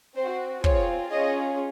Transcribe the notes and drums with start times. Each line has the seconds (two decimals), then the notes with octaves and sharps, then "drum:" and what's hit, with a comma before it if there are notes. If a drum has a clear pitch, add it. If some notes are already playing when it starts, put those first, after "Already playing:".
0.16 C4 F#4 C5
0.64 C4 F4 G#4 C#5, drum: kick
1.11 C#4 F4 G#4 D#5